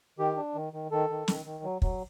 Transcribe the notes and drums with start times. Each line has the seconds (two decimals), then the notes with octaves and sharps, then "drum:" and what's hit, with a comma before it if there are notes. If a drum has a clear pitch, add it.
0.19 D#3 G4
0.37 D4
0.55 D#3
0.73 D#3
0.91 D#3 A4
1.10 D#3
1.28 D#3, drum: snare
1.45 D#3
1.64 F#3
1.82 F#3, drum: kick